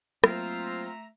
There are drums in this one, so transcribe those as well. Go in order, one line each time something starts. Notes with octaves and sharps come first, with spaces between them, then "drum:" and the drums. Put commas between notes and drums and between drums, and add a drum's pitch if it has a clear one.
F#3 A3 A#3 C4 F4 E5 A#5, drum: rim click